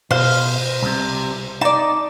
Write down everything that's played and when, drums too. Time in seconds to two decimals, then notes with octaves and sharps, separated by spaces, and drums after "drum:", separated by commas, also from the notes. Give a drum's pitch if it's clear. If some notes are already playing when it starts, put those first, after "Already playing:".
0.11 B2 C5 F5, drum: cymbal
0.82 C2 C3
1.61 D#4 D5 A5